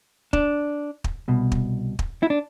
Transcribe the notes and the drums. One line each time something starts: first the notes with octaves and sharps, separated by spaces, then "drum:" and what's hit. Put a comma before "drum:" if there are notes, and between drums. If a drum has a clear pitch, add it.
D4, drum: kick
drum: kick
C2 B2
drum: kick
drum: kick
E4
D4